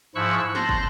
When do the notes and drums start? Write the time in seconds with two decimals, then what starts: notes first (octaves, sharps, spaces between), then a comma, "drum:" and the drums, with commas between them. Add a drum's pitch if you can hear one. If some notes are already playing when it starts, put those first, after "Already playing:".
0.15 G#2 F3 E4 C#6 E6 F#6
0.55 A5 C6 F#6 G6 A#6, drum: snare
0.69 drum: kick